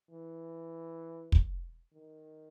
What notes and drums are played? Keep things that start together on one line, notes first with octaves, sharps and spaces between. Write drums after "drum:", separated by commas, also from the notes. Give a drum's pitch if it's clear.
E3
drum: kick
D#3